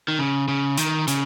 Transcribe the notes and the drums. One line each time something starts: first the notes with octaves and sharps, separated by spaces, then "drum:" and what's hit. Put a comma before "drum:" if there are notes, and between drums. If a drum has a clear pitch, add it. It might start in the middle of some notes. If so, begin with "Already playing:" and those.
D#3
C#3
C#3
D#3, drum: hi-hat
C#3, drum: hi-hat